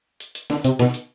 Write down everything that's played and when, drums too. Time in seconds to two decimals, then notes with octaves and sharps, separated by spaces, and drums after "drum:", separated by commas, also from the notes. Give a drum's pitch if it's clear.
0.20 drum: hi-hat
0.35 drum: hi-hat
0.50 D3, drum: snare
0.64 C3, drum: hi-hat
0.79 B2, drum: snare
0.94 drum: hi-hat